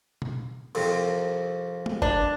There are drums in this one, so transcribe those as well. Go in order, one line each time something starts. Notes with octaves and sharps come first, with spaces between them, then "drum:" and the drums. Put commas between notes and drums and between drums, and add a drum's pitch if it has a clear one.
drum: tom B2
C2 F2 C3, drum: cymbal
drum: tom G#3
D4, drum: kick F#1